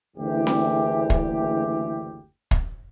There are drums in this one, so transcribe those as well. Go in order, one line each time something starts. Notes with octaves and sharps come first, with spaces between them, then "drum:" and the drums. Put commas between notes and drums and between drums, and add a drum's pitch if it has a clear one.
F#1 D2 E3 G4
drum: snare C4
drum: kick
drum: kick